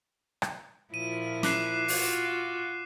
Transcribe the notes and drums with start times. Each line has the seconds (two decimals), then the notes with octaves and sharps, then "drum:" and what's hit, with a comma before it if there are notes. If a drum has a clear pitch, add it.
0.42 drum: rim click
0.94 A#2 F3 E4 D#7
1.43 D6 F#6 C7, drum: snare
1.88 F4 F#4, drum: open hi-hat